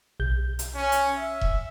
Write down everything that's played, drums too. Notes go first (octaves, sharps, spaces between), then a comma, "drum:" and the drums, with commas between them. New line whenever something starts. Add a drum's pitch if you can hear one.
B1 G6
drum: hi-hat
C#4
drum: hi-hat
E5
drum: kick E1